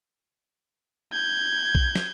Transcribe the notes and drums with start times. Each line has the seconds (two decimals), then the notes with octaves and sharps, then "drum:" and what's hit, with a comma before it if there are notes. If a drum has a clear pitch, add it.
1.13 G6 G#6
1.75 drum: kick B1
1.95 drum: snare